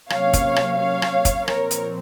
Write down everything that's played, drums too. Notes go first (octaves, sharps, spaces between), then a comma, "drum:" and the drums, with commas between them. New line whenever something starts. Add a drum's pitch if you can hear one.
C3 F#3 A#3 C#4 C#5 F5, drum: rim click
drum: kick, hi-hat
drum: rim click
C#5 F5
drum: rim click
drum: kick, hi-hat
A#2 F3 C4 A#4 C#5, drum: rim click
drum: hi-hat